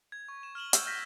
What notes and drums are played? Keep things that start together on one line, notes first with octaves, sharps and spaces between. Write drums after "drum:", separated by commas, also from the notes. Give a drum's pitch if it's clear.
G#6
C#6
E7
F6 E7 F#7 G7
C#6 E6 F6 G6, drum: hi-hat
F6 G6 A#6 B6